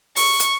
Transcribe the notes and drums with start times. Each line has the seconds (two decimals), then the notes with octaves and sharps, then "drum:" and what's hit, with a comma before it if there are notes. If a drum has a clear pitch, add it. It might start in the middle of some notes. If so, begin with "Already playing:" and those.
0.16 C#6, drum: open hi-hat
0.40 drum: hi-hat